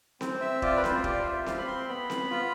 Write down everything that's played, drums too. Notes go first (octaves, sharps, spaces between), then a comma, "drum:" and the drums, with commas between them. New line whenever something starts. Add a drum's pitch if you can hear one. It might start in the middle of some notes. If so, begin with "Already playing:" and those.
C4, drum: snare C4
E5
F4 D5, drum: kick
B4
C5, drum: snare C4
G4 D5, drum: kick
F5
E5
C4 F5, drum: snare C4
B5
C6
B3 B5
drum: snare C4
F4